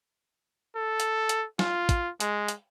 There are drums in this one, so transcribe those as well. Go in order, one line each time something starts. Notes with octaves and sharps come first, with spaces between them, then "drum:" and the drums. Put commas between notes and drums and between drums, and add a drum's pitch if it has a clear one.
A4
drum: hi-hat
drum: hi-hat
F4, drum: snare
drum: kick, hi-hat
G#3, drum: hi-hat
drum: hi-hat